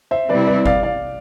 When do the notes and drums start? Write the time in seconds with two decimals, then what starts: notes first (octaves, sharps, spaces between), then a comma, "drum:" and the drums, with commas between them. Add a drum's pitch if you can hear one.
0.11 C5 E5
0.29 C3 G3 C4 E4 B4 D5
0.47 B4 D5
0.66 D5 F5, drum: kick G1
0.83 D5 F5